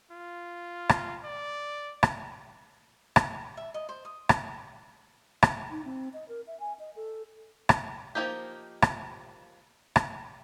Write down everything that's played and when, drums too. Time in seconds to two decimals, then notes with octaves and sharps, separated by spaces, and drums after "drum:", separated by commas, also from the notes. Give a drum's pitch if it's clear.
0.11 F4
0.89 drum: rim click
1.24 D5
2.03 drum: rim click
3.16 drum: rim click
3.57 E5
3.74 D#5
3.89 C5
4.05 D#6
4.29 drum: rim click
5.43 drum: rim click
5.71 D#4
5.85 C4
6.13 D#5
6.28 A#4
6.47 E5
6.60 G#5
6.79 D#5
6.96 A4
7.69 drum: rim click
8.15 F3 F#3 A#3 D#4 G4
8.82 drum: rim click
9.96 drum: rim click